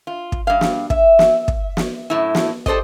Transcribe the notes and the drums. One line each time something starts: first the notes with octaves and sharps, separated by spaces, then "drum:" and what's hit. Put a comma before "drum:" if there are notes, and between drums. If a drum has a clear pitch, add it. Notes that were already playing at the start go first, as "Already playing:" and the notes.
F4
drum: kick
G2 F5
drum: snare
E5, drum: kick
drum: snare
drum: kick
drum: snare
F#2 A2 E4
drum: snare
G4 A4 C5 D5 D#5, drum: kick